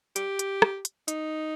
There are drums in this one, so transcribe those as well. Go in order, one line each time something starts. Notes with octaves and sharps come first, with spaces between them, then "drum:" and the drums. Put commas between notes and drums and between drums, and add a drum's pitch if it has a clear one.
G4, drum: hi-hat
drum: hi-hat
drum: rim click
drum: hi-hat
D#4, drum: hi-hat